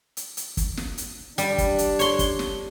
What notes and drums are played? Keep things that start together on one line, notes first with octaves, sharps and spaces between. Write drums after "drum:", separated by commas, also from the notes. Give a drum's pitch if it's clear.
drum: hi-hat
drum: hi-hat
drum: kick, hi-hat
drum: snare
drum: hi-hat
G3 D4, drum: hi-hat
drum: kick, hi-hat
drum: hi-hat
C#5 C6, drum: hi-hat
drum: kick, hi-hat
drum: snare